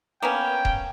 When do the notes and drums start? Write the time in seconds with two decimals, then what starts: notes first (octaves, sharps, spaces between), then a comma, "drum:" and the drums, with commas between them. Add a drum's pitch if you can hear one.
0.22 A#3 B3 C#4 G5
0.65 drum: kick D#1